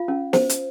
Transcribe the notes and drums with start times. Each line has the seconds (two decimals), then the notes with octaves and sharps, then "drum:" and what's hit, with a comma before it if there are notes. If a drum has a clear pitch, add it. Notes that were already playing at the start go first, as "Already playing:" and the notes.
Already playing: F4 F5
0.08 C#4
0.33 C5, drum: snare
0.49 drum: hi-hat